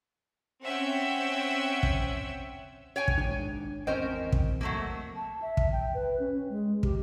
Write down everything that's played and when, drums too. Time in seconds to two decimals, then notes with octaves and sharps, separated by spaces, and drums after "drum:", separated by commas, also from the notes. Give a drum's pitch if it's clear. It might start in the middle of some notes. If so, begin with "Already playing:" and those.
0.63 C4 C#4 E5 F#5 G5 E6
1.83 drum: kick
2.96 C#5 G5 G#5
3.08 drum: kick
3.18 G#1 G#2 D4
3.87 G#1 E2 C4 C#4 A#4 C5 D#5 G5
4.32 drum: kick
4.61 F#3 A3 A#3
5.16 A5
5.42 E5
5.57 drum: kick
5.72 G5
5.94 B4
6.20 C#4
6.49 G#3
6.83 G4, drum: kick